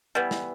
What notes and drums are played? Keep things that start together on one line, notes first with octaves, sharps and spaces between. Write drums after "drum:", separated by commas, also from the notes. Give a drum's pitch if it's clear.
E3 G3 B3
drum: snare